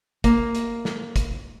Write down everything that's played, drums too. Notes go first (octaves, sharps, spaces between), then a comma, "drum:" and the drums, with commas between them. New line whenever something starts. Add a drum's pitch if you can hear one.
A#3, drum: kick, hi-hat
drum: hi-hat
drum: snare
drum: kick, hi-hat